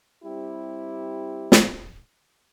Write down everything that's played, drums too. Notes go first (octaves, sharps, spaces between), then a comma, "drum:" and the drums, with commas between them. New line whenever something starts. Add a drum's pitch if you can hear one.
G3 C4 E4 G4
drum: snare